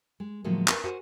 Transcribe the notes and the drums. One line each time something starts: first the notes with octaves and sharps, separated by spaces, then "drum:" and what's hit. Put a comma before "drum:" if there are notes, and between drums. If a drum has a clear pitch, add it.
G#3
A2 D3 F3 F#3 G#3 A#3
A#4 B4, drum: clap
F#4 A#4 C5 F#5 G#5